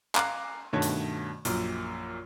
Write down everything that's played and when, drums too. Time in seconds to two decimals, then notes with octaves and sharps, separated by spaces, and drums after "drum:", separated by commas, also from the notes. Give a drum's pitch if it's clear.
0.15 F5 A#5 D6 F#6, drum: clap
0.73 G2 B2 D#3 A3 F#4 C#5
0.82 drum: hi-hat
1.45 A#1 F#2 A#2, drum: hi-hat